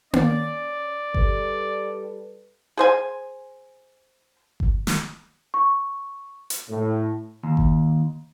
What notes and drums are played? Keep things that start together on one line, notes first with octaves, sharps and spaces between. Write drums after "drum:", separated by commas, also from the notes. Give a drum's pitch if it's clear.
C#4 D5, drum: tom A#3
G3 A4 B4, drum: kick G1
G#4 C5 G#5
drum: kick G1
drum: snare
C#6
drum: hi-hat
A2
D#2
drum: kick G1